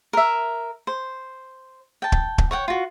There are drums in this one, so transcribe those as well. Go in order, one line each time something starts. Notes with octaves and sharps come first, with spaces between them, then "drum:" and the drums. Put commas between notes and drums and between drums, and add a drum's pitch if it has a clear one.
A#4 E5
C5
G5 A5
drum: kick
drum: kick
C#5 F#5 G5
F4 F#4